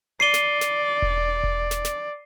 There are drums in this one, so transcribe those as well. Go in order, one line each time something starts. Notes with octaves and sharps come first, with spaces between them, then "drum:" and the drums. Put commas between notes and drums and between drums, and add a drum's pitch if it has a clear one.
D5 C7 D#7 G7
drum: snare
drum: snare
drum: kick E1
drum: kick E1
drum: snare
drum: snare